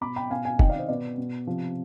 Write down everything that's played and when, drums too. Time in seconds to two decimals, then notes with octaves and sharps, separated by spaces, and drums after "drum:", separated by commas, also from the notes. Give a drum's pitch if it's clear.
0.01 B2 B5 D6
0.16 G5 B5
0.31 B2 F5 G#5
0.45 F5 G#5
0.59 C3 D#3 D#5 G5, drum: kick
0.69 D5 F5
0.79 C5 D#5
0.88 B2 B4 D5
1.18 B2
1.47 C3 F3